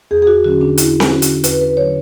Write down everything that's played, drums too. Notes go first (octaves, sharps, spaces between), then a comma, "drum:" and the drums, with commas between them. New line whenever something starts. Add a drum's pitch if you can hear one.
E2 G#4
G#4
F#4
D3 F#3 C#4 F#4
D4
E2 E4, drum: hi-hat
drum: snare C4
D3 F#3 C#4 F#4
drum: hi-hat
E2 B4, drum: hi-hat
B4
D3 F#3 C#4 C#5